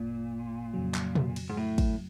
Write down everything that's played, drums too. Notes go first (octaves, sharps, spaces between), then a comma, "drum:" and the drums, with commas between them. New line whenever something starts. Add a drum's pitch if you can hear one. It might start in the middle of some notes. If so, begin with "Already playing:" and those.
Already playing: G#1 F#2 A#2
F2 C#3 F#3
drum: clap
drum: tom
drum: cymbal
G#2
A2
drum: kick, cymbal